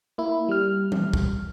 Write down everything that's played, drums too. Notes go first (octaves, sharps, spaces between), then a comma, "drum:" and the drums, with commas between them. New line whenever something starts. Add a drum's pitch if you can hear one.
A#3 E4
G3 F6
drum: tom E3
drum: kick